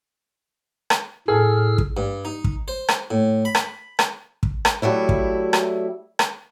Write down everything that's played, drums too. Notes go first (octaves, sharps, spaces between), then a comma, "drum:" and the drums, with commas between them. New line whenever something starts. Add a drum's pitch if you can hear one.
drum: rim click
A2 G#4 A4 E6 F6
drum: kick
G2
D#4
drum: kick
C5
drum: rim click
A2
B5
drum: rim click
drum: rim click
drum: kick
drum: rim click
F#3 G3 A3 E4
drum: kick
drum: rim click
drum: rim click